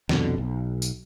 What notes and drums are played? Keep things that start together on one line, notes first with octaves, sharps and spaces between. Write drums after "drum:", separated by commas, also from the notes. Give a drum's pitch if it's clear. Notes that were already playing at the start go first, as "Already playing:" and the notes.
C2 F2 B2 D3, drum: snare
B1
drum: tambourine